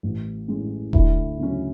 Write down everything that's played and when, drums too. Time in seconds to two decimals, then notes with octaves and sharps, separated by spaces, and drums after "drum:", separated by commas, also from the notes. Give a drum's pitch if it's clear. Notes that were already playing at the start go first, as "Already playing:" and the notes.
0.03 A1
0.48 A2 G#3 C#4
0.93 D2 E4, drum: kick E1
1.38 C#3 F#3 C#4